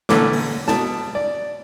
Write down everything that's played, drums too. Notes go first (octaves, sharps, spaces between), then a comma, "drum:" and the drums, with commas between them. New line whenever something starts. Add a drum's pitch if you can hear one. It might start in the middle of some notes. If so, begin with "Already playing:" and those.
A#1 D3 E3 A3 C#4 D6, drum: snare
drum: open hi-hat
B2 A5, drum: snare
D5